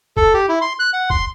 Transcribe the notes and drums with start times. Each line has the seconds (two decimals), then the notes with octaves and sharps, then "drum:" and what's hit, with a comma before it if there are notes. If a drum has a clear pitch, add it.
0.17 A4, drum: kick
0.34 G4
0.49 E4
0.61 C6
0.79 F#6
0.93 F#5
1.10 C6, drum: kick